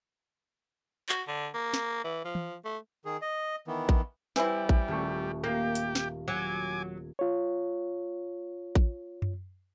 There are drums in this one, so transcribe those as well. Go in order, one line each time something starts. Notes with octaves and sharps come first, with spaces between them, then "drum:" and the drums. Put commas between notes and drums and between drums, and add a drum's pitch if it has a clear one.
F#4, drum: clap
D3
A#3
drum: snare
E3
F3
drum: tom
A3
D#3 G#4
D#5
D#3 E3 B3
drum: kick A1
E3 G3 C4 E4, drum: snare
drum: kick A1
D#1 A3 C#6
A#3 G4
drum: hi-hat
drum: snare
F#3 G#5 D6
F4 C#5
drum: kick A1
drum: tom F#2